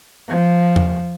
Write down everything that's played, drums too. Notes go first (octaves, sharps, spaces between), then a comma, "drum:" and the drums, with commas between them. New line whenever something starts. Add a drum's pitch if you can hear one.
F3
drum: tom E2